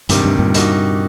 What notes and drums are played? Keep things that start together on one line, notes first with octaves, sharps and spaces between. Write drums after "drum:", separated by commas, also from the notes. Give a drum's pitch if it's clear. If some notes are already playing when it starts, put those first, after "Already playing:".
D2 G2 C3 D#3 G3 D4, drum: hi-hat
G2
G2 A#2
C3 G3 A#3 D#4 F#4, drum: hi-hat